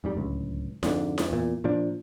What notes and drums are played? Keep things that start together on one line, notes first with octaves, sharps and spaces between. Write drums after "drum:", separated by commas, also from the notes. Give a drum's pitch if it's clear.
F2 G#2 G3
D1 C#2
F2 G#2 D3, drum: snare E4
drum: snare E4
E2 A#2
A#2 F3 D4